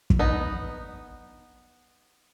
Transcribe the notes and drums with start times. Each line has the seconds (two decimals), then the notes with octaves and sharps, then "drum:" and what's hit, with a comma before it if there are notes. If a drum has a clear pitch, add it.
0.10 drum: kick
0.19 B3 D#4